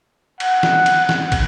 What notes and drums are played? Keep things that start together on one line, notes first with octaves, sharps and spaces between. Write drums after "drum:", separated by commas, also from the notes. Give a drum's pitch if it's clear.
F#5, drum: cymbal
drum: snare
drum: cymbal
drum: snare
drum: kick, cymbal